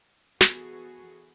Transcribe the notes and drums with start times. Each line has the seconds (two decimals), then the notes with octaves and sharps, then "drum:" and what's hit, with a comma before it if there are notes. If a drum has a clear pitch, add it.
0.41 E3 B3 F#4 G#4 A4, drum: snare